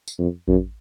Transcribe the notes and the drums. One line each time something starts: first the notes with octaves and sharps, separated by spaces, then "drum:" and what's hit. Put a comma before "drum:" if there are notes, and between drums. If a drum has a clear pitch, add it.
drum: tambourine
F2
F#2, drum: kick A1